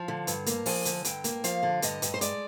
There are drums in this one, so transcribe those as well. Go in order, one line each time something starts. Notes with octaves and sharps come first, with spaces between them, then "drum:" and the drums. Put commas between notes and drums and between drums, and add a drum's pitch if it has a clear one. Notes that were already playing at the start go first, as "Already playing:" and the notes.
Already playing: F3 F5
D3
G2, drum: hi-hat
A#3, drum: hi-hat
F3 G#5, drum: open hi-hat
D3, drum: hi-hat
G2 G5, drum: hi-hat
A#3, drum: hi-hat
F3 F5, drum: hi-hat
D3
G2 D#5, drum: hi-hat
G2, drum: hi-hat
C5
G#3 D5, drum: hi-hat